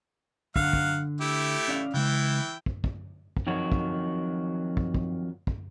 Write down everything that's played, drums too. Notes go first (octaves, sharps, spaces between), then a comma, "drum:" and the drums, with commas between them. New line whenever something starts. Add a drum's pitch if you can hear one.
D3 F#3 F5 F#5, drum: kick
drum: kick
A3 E4 G4
C#4 D5 F5
C#3 E3 G#3 E4 G5
drum: kick
drum: kick
drum: kick
F2 D#3 F#3 F#4
drum: kick
drum: kick
drum: kick
drum: kick